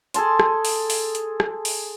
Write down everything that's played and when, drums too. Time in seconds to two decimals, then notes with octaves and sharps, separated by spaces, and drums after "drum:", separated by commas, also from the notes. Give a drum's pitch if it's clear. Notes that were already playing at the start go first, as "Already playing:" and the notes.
0.14 G#4 A4 A5 C6, drum: hi-hat
0.40 drum: rim click
0.65 drum: open hi-hat
0.90 drum: open hi-hat
1.15 drum: hi-hat
1.40 drum: rim click
1.65 drum: open hi-hat